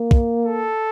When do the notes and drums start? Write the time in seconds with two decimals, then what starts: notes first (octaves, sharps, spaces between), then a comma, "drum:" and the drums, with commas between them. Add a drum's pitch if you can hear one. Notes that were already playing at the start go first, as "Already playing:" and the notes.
Already playing: A#3
0.11 drum: kick
0.45 A4